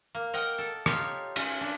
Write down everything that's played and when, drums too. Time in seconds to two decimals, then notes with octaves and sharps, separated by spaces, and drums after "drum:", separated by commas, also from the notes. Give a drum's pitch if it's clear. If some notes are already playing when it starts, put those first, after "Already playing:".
0.15 A#3
0.33 A#4 D#5 F#5 G5
0.58 A4
0.86 D#4 F4 G4 C#5, drum: rim click
1.36 C#4, drum: cymbal
1.61 D4